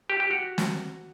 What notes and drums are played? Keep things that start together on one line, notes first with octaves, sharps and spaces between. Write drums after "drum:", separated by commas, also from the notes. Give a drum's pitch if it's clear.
G4
G4
F#4
drum: snare